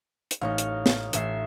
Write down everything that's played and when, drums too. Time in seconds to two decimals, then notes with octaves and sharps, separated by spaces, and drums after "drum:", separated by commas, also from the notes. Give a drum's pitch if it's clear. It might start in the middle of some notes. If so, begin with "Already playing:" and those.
0.31 drum: hi-hat
0.41 A1 D#4 C#5 F5
0.58 drum: hi-hat
0.86 drum: snare
1.13 A1 E5 C7, drum: hi-hat